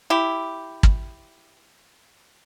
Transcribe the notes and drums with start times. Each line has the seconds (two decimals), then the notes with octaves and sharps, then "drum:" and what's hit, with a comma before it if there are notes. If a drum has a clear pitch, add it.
0.10 E4 G4
0.83 drum: kick